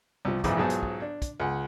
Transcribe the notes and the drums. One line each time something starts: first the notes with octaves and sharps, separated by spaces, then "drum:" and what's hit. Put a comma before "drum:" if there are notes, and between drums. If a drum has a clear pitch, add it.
C2 F3
A#1 F2 G#2 C3 E3 D6, drum: kick, hi-hat
B1 G#2 F3 F#3 G#4 A5
drum: hi-hat
drum: kick
D4
drum: kick, hi-hat
C#2 F#5